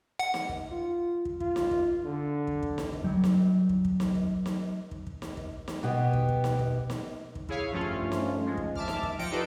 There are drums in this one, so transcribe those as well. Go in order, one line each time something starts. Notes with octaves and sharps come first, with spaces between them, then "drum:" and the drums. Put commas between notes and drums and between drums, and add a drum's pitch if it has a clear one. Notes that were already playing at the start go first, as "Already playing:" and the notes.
F#5
drum: snare
drum: kick
F4
drum: kick
F4, drum: kick
drum: snare
drum: kick
D3
drum: kick
drum: kick
drum: snare
drum: kick
F#3 G3
drum: snare
drum: kick
drum: kick
drum: snare
drum: kick
drum: snare
drum: kick
drum: kick
drum: snare
drum: kick
drum: snare
B2 B3 G4
drum: kick
drum: kick
drum: snare
drum: kick
drum: snare
drum: kick
E4 G#4 C#5 F5, drum: kick
G2 F3 A3 C#4 F4
drum: kick
drum: snare
F3 G#3
drum: kick
E5 A5 D6 F6, drum: kick
drum: snare
drum: kick
F3 D5 G5 A#6 C#7 D7
D#4 F4 G4 A4 B4